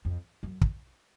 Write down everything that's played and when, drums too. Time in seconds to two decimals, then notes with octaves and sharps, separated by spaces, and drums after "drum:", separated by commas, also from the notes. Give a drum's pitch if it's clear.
0.05 F2
0.43 F#2
0.61 drum: kick